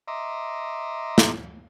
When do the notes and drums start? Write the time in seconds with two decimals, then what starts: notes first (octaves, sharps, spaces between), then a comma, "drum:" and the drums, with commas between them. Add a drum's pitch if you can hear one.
0.08 D#5 E5 A#5 C6 D6
1.18 drum: snare